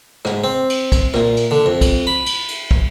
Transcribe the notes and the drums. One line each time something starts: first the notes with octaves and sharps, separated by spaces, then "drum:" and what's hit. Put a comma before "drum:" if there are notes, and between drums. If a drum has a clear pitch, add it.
G#2, drum: rim click
C4
drum: cymbal
drum: kick, cymbal
A#2, drum: rim click
drum: cymbal
D3
F2
drum: kick, cymbal
B5
drum: cymbal
drum: cymbal
drum: kick